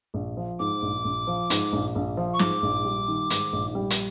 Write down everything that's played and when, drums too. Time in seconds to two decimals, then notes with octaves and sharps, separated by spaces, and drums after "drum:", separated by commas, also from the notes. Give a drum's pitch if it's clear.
0.14 A#1
0.37 F3
0.59 G#2 D6
0.82 A#1
1.05 A#1
1.27 F3
1.50 G#2, drum: hi-hat
1.72 A#1
1.95 A#1
2.17 F3
2.34 C#6
2.39 G#2 D6, drum: snare
2.63 A#1
2.84 G3
3.08 D#3
3.30 G#2, drum: hi-hat
3.53 A#1
3.75 G3
3.90 drum: hi-hat